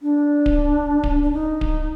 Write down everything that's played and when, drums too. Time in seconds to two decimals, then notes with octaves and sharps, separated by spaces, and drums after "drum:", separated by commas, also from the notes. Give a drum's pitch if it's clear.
0.02 D4
0.46 drum: kick D1
1.04 drum: kick D1
1.23 D4
1.32 D#4
1.61 drum: kick D1